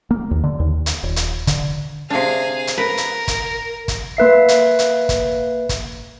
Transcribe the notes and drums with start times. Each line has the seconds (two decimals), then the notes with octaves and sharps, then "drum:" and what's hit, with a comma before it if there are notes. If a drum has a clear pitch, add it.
0.11 A#3
0.31 D#2
0.43 D3
0.60 D#2
0.86 drum: hi-hat
1.03 D#1
1.16 drum: hi-hat
1.47 D3, drum: kick, hi-hat
2.10 C3 D4 G#4 F5
2.67 drum: hi-hat
2.78 A#4 B4
2.97 drum: hi-hat
3.28 drum: kick, hi-hat
3.88 drum: kick, hi-hat
4.17 A#3 B4 E5 C7
4.48 drum: hi-hat
4.79 drum: hi-hat
5.09 drum: kick, hi-hat
5.69 drum: kick, hi-hat